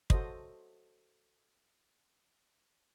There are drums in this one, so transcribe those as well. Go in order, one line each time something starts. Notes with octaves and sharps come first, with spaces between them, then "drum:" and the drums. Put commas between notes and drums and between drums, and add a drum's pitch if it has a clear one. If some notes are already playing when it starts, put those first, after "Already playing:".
F#4 A4 C5 D#5, drum: kick